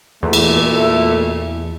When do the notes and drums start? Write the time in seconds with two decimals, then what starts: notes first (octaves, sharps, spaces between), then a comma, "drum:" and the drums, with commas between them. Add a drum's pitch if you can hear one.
0.23 E2 A#2 A3
0.33 drum: cymbal